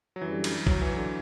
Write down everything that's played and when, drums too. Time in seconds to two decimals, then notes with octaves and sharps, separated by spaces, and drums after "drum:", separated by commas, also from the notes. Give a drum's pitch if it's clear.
0.16 F#3
0.21 F#2 D3 E3 G3
0.44 drum: cymbal
0.67 F#3, drum: kick A1
0.82 E3
0.96 D3